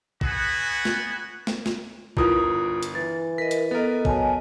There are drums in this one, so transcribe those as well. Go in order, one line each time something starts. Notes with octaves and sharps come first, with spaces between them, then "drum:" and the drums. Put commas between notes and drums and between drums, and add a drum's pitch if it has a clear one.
B3 F#4 G#4, drum: kick
drum: snare
drum: snare
drum: snare
G1 E4 F4 A#4 B4 D#6, drum: kick
drum: hi-hat
E3 A6
A#4 D#5 B6
drum: hi-hat
B3 A4 A#4 D#5
F#3 D#5 G#5 A5, drum: kick